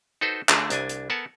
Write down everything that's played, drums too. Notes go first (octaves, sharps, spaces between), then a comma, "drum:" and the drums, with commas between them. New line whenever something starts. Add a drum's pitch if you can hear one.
D#4 F#4 A4 B4 C5
D3 A3 G#4, drum: clap
C2 D4 G#5, drum: hi-hat
drum: hi-hat
B3 A4 A#4 F#5 G#5 A5